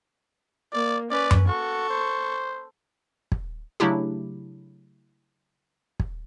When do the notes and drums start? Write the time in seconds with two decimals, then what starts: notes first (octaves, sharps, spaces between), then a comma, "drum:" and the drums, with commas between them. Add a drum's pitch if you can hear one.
0.73 A#3 D5
1.10 C#4 B4 D5
1.31 drum: tom F#2
1.47 F#4 A4 C#6
1.89 C5
3.32 drum: kick
3.80 C#3 F#3 A3 D4 E4 G4
6.00 drum: kick